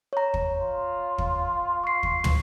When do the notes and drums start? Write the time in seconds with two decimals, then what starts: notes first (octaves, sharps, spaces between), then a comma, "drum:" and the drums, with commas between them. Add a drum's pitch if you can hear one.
0.13 C#5 A#5
0.34 drum: kick
0.60 F4
1.18 drum: kick
1.84 C#6 C7
2.03 drum: kick
2.24 drum: tom